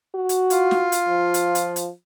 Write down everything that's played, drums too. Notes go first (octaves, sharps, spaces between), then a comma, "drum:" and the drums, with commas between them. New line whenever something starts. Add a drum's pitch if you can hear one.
F#4
drum: hi-hat
F4, drum: hi-hat
drum: snare
drum: hi-hat
F3
drum: hi-hat
drum: hi-hat
drum: hi-hat